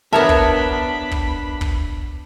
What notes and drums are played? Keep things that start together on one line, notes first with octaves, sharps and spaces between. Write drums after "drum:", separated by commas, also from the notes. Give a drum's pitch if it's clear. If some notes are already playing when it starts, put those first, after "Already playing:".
B3 D4 A#4 C#5 E5 A5 B5
drum: kick
drum: kick
drum: kick